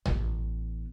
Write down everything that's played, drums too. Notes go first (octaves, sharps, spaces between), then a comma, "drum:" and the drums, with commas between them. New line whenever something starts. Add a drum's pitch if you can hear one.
A1 B3, drum: tom B1